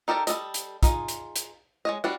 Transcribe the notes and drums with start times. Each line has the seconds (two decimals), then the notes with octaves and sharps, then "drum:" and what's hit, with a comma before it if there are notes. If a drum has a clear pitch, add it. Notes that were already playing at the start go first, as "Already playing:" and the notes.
0.08 D#4 G4 A4 A#4 D5
0.27 G3 G#4 A4 D#5, drum: hi-hat
0.54 drum: hi-hat
0.83 D#4 F4 G#4, drum: kick, hi-hat
1.08 drum: hi-hat
1.36 drum: hi-hat
1.85 G#3 C#5 D#5
2.04 G3 D4 F#4